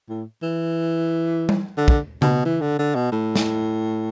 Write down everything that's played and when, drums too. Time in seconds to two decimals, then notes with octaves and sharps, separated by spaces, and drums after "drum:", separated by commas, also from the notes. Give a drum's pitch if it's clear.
0.09 A2
0.43 E3
1.49 drum: tom G3
1.78 D3
1.88 drum: kick
2.22 B2, drum: tom C#3
2.45 E3
2.61 D3
2.79 D3
2.95 B2
3.12 A2
3.36 drum: snare